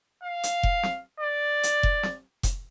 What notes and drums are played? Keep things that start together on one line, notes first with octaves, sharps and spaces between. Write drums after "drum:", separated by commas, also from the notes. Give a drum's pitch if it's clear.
F5
drum: hi-hat
drum: kick F1
drum: snare
D5
drum: hi-hat
drum: kick F1
drum: snare
drum: kick F1, hi-hat